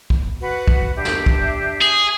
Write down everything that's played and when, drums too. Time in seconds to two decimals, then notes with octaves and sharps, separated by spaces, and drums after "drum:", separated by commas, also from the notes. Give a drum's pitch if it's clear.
0.10 drum: kick
0.41 F#4 B4 F#5
0.68 drum: kick
0.96 D4 G4 E5
1.05 drum: snare
1.26 drum: kick
1.82 G#4